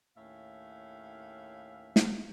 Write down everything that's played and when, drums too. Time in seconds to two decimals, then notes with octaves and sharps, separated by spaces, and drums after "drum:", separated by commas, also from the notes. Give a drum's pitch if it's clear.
0.17 D#2 A2 C#4 E5 F5
1.96 drum: snare